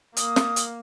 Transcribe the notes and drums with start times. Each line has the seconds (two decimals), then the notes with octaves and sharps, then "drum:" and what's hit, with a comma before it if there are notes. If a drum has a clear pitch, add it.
0.17 A#3 D#6, drum: hi-hat
0.36 drum: snare
0.56 drum: hi-hat